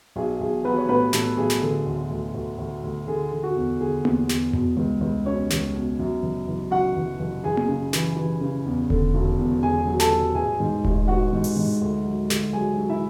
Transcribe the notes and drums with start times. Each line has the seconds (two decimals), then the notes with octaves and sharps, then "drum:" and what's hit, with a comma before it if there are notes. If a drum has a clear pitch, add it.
0.16 B1 G#4
0.41 B1 G#4
0.65 F#3 B3 B4
0.78 C#5
0.89 A2 B3 B4
1.13 A2 A3 A4, drum: snare
1.37 B1 G#4
1.50 drum: snare
1.62 D3
1.86 D2
2.11 D2
2.34 D2
2.58 D2
2.84 D2
3.07 D3 G#4
3.32 D3
3.43 F#4
3.55 E2
3.81 D3 G#4
4.05 E2, drum: tom A#3
4.29 E2, drum: snare
4.53 B2, drum: tom F2
4.77 C#2
5.01 C#2
5.26 B2 C#4 C#5
5.50 C#2, drum: snare
5.74 B2
5.99 F#2
6.22 F#1
6.48 F#1
6.71 F#2 F#4 F#5
6.96 F#1
7.19 F#1
7.44 F#1 G#4 G#5
7.57 drum: tom A#3
7.68 C#3
7.93 E3, drum: snare
8.16 E3
8.41 C#3
8.66 E2
8.90 D3, drum: kick E1
9.14 E1
9.38 E2
9.63 E2 G#4 G#5
9.87 F#3
10.00 A4 A5, drum: snare
10.12 F#3
10.35 A1 G#4 G#5
10.60 G#2
10.85 A1, drum: kick E1
11.08 A1 F#4 F#5
11.33 G#2
11.44 drum: open hi-hat
11.57 G#2
11.82 D2
12.05 F#3
12.30 D2, drum: snare
12.53 F#3 G#4 G#5
12.77 F#3
12.90 E4 E5